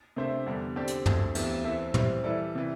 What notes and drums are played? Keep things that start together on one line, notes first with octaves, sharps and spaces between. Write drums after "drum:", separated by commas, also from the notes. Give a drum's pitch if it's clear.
C3 A3 D4 C5 E5
E2 D3 G3
D3 C4 G4 D5
drum: hi-hat
D2 D3 C4, drum: tom
E2 E3 A3 C4 G4, drum: cymbal
E3 C4 A4 E5
E3 G3 C4, drum: tom
E3 G3 E4 A4 D5
C3 E3